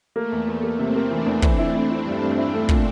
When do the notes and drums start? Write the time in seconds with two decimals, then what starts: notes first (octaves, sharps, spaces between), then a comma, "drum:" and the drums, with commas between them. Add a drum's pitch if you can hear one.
0.16 A3 A#3
0.32 E2
0.48 E2
0.63 A#3
0.79 C3 C4
0.96 A#3
1.11 E3 D4
1.26 E2
1.42 E3, drum: kick
1.58 E4
1.74 E4
1.90 E4
2.05 G2
2.22 G2
2.38 E4
2.54 A3
2.69 A#2, drum: kick